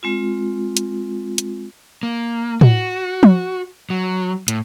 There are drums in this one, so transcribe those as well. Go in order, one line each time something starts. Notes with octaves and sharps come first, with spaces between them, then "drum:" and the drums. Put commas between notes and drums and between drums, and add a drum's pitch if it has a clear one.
G#3 C4 F4
drum: hi-hat
drum: hi-hat
A#3
F#4, drum: tom A2
drum: tom F3
F#3
A2, drum: hi-hat